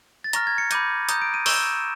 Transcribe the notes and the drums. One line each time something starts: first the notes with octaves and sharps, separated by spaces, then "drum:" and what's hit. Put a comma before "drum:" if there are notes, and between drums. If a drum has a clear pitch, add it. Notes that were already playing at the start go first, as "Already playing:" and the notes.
A6
A#5 C#6 F6 A#6, drum: hi-hat
G#6
C#7
B5 D6 G6 D#7, drum: hi-hat
A#5 D#6 G6, drum: hi-hat
D7
D#7
C#6 E6 G6 E7, drum: open hi-hat